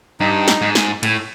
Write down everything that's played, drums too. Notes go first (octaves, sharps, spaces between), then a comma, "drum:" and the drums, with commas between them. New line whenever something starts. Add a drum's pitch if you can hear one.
G2 D#4
drum: snare
G#2
drum: snare
A2, drum: cymbal